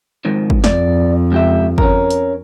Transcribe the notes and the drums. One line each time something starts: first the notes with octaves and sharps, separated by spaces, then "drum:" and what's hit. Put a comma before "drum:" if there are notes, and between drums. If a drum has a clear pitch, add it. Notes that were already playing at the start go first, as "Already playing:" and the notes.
G#2 D#3 F3
drum: kick
F2 D5, drum: snare
C#2 G4 E5
C#4 A#4, drum: kick
drum: hi-hat